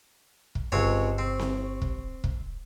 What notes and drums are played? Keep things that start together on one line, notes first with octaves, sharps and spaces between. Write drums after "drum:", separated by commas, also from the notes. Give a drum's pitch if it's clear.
drum: kick
G1 C#2 C4 C#5 C#6
C4
drum: snare C4
drum: kick
drum: kick